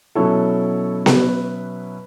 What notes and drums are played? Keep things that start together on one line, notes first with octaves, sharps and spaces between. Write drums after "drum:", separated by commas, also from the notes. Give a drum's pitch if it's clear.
B2 F#3 C#4 E4 A4 C#5
B4, drum: snare B3